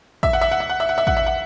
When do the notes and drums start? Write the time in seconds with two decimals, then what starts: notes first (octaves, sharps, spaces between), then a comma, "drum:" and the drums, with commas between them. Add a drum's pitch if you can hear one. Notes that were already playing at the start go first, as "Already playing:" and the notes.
0.23 E5, drum: kick
0.33 F#5
0.41 E5
0.51 F#5
0.60 E5
0.69 F#5
0.80 E5
0.89 F#5
0.98 E5
1.07 F#5, drum: kick
1.17 E5
1.26 F#5